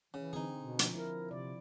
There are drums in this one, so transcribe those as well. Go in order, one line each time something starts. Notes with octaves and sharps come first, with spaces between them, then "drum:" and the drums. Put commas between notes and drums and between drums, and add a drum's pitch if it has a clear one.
C#3 E3
D3 C4 D#4 G#4
B2
F3, drum: hi-hat
E4 A#4
C3 D5